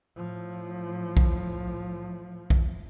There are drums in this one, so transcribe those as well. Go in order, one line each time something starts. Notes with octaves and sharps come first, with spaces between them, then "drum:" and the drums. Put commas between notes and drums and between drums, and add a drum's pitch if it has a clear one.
A2 F3
drum: kick B1
drum: kick B1